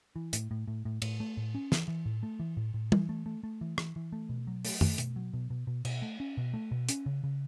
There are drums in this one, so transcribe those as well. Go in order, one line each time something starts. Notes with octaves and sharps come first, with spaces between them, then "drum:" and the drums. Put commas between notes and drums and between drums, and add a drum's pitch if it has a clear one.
E3
A2, drum: hi-hat
A2
A2
A2
A2, drum: cymbal
A3
A2
C#4
E3, drum: snare
E3
A2
A3
E3
A2
A2
E3, drum: tom
A3
A3
A3
E3
E3, drum: rim click
E3
A3
B2
F#3
A3, drum: open hi-hat
A3, drum: tom F#2
B2, drum: hi-hat
F#3
B2
B2
B2
B2, drum: cymbal
A3
C#4
B2
A3
B2
C#4, drum: hi-hat
C#3
C#3